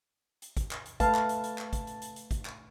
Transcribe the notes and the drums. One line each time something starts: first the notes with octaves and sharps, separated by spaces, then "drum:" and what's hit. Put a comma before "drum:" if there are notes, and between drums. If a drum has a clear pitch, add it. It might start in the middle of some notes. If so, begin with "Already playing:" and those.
drum: hi-hat
drum: kick, hi-hat
drum: clap
drum: hi-hat
A3 B4 F5 A5, drum: kick, hi-hat
drum: clap
drum: hi-hat
drum: hi-hat
drum: clap
drum: kick, hi-hat
drum: hi-hat
drum: hi-hat
drum: hi-hat
drum: kick, hi-hat
drum: clap